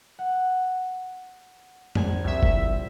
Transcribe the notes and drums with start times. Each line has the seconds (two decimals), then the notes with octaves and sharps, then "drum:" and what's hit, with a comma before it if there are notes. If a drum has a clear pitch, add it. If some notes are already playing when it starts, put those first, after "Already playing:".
0.19 F#5
1.95 A#1 G#5, drum: tom F2
2.23 C2 E5
2.43 drum: kick F#1